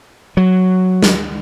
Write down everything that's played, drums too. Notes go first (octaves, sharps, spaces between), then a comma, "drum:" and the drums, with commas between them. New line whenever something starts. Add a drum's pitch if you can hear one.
F#3
drum: snare